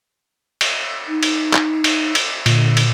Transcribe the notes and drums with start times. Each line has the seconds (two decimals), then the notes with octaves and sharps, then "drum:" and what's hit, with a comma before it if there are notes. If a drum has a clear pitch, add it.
0.61 drum: cymbal
1.08 D#4
1.23 drum: cymbal
1.53 drum: clap
1.84 drum: cymbal
2.15 drum: cymbal
2.46 A#2 D3, drum: cymbal
2.77 drum: cymbal